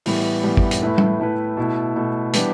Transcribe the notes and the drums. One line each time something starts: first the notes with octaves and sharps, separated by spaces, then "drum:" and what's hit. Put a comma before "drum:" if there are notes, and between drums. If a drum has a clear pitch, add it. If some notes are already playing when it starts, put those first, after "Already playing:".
A2 E3 G3 B3, drum: open hi-hat
A2 E3 G3 B3
drum: kick
drum: hi-hat
A2 A3 E4 B4
drum: tom G3
A2 A3 E4 B4
B2 A3 E4
B2 A3 E4
E3 G3 B3 D4 G4, drum: hi-hat